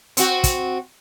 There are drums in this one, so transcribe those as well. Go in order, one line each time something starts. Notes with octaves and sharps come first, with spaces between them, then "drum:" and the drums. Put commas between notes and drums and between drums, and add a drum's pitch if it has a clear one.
C4 F#4, drum: hi-hat
drum: kick, hi-hat